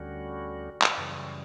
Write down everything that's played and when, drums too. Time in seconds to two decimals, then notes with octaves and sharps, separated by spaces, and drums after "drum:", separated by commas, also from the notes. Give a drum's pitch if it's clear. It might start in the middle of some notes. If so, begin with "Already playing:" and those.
Already playing: D2 D3 G3 C#4 F#4
0.82 drum: clap
0.97 F#2 C#3 E3 G3